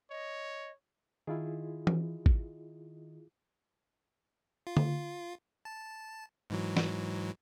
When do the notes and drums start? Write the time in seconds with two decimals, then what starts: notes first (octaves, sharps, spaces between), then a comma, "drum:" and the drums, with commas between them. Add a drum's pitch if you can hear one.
0.10 C#5 D#5
1.27 D#3 E4 F4 G#4
1.87 drum: tom E3
2.26 drum: kick G#1
4.67 F4
4.77 drum: tom D3
5.65 A5
6.50 G#2 E3 F#3
6.77 drum: snare